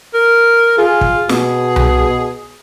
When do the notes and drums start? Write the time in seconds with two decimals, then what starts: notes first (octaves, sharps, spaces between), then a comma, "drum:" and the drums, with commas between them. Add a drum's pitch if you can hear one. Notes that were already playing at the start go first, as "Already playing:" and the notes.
0.14 A#4
0.78 F4 G#4
1.01 drum: kick
1.29 B2 G#4, drum: snare
1.76 drum: tom C2